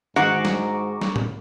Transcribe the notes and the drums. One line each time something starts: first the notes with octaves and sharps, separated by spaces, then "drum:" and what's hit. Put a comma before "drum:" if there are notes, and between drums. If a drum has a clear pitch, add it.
G#2 D#3 F#4 G#4 F#5 A#5 C#6 D6
drum: snare
drum: snare
drum: tom A2